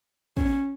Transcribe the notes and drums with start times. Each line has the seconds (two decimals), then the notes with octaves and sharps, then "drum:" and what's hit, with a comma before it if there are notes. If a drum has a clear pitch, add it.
0.37 C#4, drum: kick